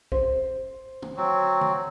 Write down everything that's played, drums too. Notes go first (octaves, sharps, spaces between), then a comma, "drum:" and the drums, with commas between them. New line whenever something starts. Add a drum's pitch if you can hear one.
C5, drum: kick
drum: tom
F#3 C4
drum: tom D3